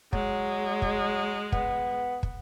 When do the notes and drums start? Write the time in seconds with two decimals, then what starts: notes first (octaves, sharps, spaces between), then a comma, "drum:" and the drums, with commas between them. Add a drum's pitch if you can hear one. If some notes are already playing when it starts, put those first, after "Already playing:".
0.13 F#3 G#3, drum: kick
0.82 drum: kick
1.52 B3, drum: kick
2.23 drum: kick